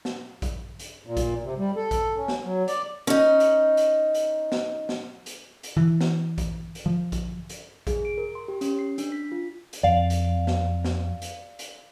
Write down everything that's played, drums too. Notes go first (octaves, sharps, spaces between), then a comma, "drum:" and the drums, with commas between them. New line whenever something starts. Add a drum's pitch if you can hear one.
drum: snare
drum: kick A#1, hi-hat
drum: hi-hat
A#2
drum: kick A#1, hi-hat
C3
G3
A4
drum: kick A#1, hi-hat
C#4
drum: snare
F#3
D5, drum: hi-hat
C#4 D#4
drum: hi-hat
drum: hi-hat
drum: hi-hat
drum: snare
drum: snare
drum: hi-hat
drum: hi-hat
E3
drum: snare
drum: kick A#1, hi-hat
drum: hi-hat
F3
drum: kick A#1, hi-hat
drum: hi-hat
G#4, drum: kick A#1, hi-hat
D7
A#4
C6
G4
C#4, drum: hi-hat
C7
D4, drum: hi-hat
B6
F4
drum: hi-hat
F2 D5 F5
drum: hi-hat
drum: snare
drum: snare
drum: hi-hat
drum: hi-hat